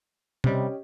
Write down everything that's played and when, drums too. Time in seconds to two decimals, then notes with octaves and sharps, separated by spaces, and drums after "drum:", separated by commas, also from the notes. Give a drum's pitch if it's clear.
0.44 C3 G3 C#4 G4 D#5, drum: tom